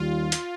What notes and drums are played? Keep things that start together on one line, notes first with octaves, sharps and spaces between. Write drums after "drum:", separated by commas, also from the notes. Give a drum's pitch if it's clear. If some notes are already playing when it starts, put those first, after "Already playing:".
Already playing: D#2 D#3 G3 F4
drum: hi-hat